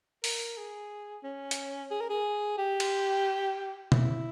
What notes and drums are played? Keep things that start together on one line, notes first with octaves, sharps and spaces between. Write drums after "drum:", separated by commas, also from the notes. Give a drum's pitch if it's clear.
A#4, drum: open hi-hat
G#4
C#4
drum: hi-hat
G#4
A#4
G#4
G4
drum: cymbal
E4, drum: tom B2